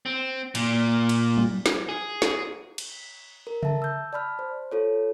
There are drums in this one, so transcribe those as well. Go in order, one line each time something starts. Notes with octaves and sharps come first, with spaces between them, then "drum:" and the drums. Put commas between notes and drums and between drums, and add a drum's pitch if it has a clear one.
C4
A#2, drum: cymbal
drum: cymbal
drum: tom F#3
drum: snare
G#4
drum: snare
drum: cymbal
A#4
E5 A5, drum: tom C#3
E6 G6
D5 A5 B5 F6
C5
F4 A4 C#5